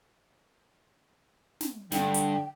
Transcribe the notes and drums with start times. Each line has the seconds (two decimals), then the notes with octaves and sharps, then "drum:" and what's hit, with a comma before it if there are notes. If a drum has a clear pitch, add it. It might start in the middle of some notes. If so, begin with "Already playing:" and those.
1.61 drum: snare
1.92 G2 D3 G5, drum: snare
2.14 drum: hi-hat